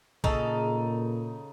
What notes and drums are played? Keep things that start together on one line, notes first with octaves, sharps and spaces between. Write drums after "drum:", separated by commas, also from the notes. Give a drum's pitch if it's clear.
A#2 C#3 D#4 A4, drum: kick A#1